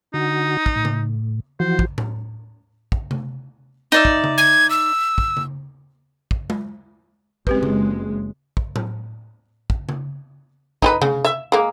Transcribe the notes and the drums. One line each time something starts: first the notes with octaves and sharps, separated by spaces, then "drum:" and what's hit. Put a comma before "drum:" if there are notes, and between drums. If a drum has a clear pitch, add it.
D3 D#4 F#4
drum: kick
A2
drum: tom C#3
E3 F3 F#4 C5
drum: kick
drum: tom A2
drum: kick
drum: tom C3
D#4 D5 E5
drum: kick
drum: tom C#3
G#6
E6
drum: kick
drum: tom C#3
drum: kick
drum: tom G#3
F#1 G#3 C4 G4 B4, drum: kick
drum: tom C#3
drum: kick
drum: tom A2
drum: kick
drum: tom C#3
D#4 G4 B4, drum: kick
C#3, drum: tom C3
E5
G#3 A#3